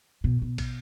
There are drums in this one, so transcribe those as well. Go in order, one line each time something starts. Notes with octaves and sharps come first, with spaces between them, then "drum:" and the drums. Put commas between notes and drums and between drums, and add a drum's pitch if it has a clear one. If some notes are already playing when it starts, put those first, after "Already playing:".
B2
B2
drum: kick, cymbal